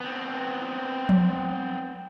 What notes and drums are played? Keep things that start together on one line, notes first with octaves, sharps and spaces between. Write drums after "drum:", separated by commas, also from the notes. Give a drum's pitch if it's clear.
B3 C4
drum: tom F3